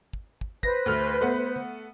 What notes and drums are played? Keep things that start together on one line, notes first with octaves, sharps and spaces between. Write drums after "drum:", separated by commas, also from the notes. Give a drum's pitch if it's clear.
drum: kick
drum: kick
B4 C5 A#6, drum: kick
D2 A3 F6
A3 B3 F#5
drum: tom